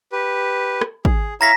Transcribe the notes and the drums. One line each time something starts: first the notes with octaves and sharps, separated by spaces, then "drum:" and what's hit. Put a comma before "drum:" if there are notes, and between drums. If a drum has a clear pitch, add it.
G4 B4
drum: rim click
G#4, drum: kick
E4 C#5 F5 A#5 A#6 B6